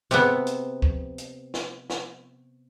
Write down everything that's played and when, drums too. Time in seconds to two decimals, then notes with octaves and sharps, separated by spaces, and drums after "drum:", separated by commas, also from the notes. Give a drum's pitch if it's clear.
0.11 C3 B3, drum: hi-hat
0.47 drum: hi-hat
0.82 drum: kick
1.18 drum: hi-hat
1.54 drum: snare
1.90 drum: snare